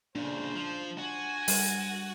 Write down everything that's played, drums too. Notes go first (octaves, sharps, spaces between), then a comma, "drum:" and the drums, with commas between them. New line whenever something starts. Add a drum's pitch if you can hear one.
A#2 C#3 D4 C5
F3
F#4 G#5
G3, drum: open hi-hat